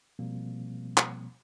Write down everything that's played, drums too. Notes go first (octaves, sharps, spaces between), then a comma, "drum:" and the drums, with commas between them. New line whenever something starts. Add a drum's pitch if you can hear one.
B2 F3 G3 A#3 C4
drum: clap